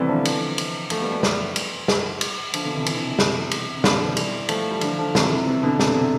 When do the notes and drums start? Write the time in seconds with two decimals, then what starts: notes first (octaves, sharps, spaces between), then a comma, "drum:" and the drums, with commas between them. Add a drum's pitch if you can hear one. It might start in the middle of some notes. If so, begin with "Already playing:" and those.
Already playing: C3 E3 G3 A3 B3 C4
0.09 D3 F3
0.25 drum: cymbal
0.58 drum: cymbal
0.90 F3 A3, drum: cymbal
1.01 G3 B3
1.12 G3 B3
1.23 drum: snare
1.56 drum: cymbal
1.88 drum: snare
2.21 drum: cymbal
2.54 D3 F3, drum: cymbal
2.64 B2 D3
2.75 C3 E3
2.86 C3 E3, drum: cymbal
2.94 B2 D3
3.02 C3
3.11 B2
3.19 C3, drum: snare
3.51 drum: cymbal
3.77 C3
3.84 B2 D3, drum: snare
3.95 B2
4.05 E3 G3
4.17 drum: cymbal
4.49 F3 A3, drum: cymbal
4.71 G3
4.81 D3 F3, drum: cymbal
4.98 D3 F3
5.15 C3 E3, drum: snare
5.31 C3
5.47 C3
5.63 B2 D3
5.80 C3, drum: snare
5.87 D3
5.96 C3